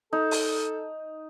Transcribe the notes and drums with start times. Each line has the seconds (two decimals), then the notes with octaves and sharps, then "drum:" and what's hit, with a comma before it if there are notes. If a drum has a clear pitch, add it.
0.13 D#4 A4
0.31 drum: open hi-hat